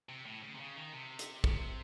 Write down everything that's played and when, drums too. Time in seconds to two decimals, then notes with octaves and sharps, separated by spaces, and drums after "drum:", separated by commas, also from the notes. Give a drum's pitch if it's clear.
0.09 C3
0.26 A2
0.43 C#3
0.55 C3
0.60 C#3
0.76 D#3
0.93 C3
1.19 drum: hi-hat
1.44 C3, drum: kick